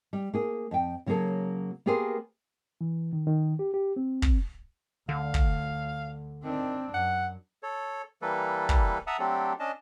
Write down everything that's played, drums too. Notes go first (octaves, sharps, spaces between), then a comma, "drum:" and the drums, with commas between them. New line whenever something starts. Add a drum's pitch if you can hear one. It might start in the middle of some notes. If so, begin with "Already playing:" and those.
G3
A#3 G#4
F2 G5
C#3 F#3 A#3 G#4 A4
A#3 B3 G4 G#4 A#4 C5
E3
D#3
D#3
G4
G4
C4
drum: kick
D2 D3 F5
drum: kick
D#3 C4 D4
F#2 F#5
A4 C#5
E3 G3 A#3 A4 B4
drum: kick
E5 F#5 A5 A#5 D#6 E6
F#3 A3 C4 D4 G4 A4
C#4 D4 D#5 A5